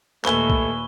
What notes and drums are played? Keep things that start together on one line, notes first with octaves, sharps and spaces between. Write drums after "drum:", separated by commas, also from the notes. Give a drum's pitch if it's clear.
D#2 A#2 A3 B4 E5 G#5 C#6 G7, drum: clap
drum: kick